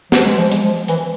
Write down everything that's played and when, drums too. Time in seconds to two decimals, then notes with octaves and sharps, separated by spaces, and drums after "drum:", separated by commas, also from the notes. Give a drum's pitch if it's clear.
0.12 F3, drum: snare
0.25 G#3
0.38 F3
0.52 G#3, drum: hi-hat
0.64 F3
0.88 E3, drum: hi-hat